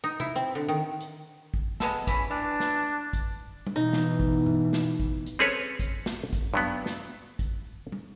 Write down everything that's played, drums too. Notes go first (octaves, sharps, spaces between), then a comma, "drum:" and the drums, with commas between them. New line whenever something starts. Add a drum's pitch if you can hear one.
D#4
E4, drum: tom C3
C4
D3
D#3
drum: hi-hat
drum: kick
G#3 B3 A4, drum: snare
E3 C#4 B5, drum: kick, hi-hat
E3 D4
drum: snare
drum: kick, hi-hat
drum: tom
B2 E3 D#4
drum: snare
drum: kick
drum: tom G2
drum: snare
drum: kick
drum: hi-hat
C4 C#4 G#4 A4 B4 C#5
drum: kick, hi-hat
drum: snare
drum: kick, hi-hat
G2 F#3 B3
drum: snare
drum: kick, hi-hat
drum: tom